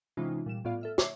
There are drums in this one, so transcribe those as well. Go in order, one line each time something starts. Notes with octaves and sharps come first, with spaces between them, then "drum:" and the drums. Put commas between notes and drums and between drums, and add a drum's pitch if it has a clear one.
C3 E3 G#3 C#4 D#4 F4
A#2 G3 E7
A2 B3 F4 D5 F5
A4 E5 F6
C#5 E5 D6 C7, drum: snare